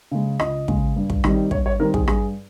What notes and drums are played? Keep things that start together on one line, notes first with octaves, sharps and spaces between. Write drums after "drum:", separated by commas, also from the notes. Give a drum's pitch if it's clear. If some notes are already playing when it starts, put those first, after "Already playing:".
C#3 G#3
C#2 D#5, drum: rim click
C#3 G#3, drum: kick
G2
drum: kick
D#3 G3 C4 D#4, drum: rim click
G2 C#5, drum: kick
C#5
D#3 G3 C4 D#4 A#4
G#4, drum: kick
G2 G#4, drum: rim click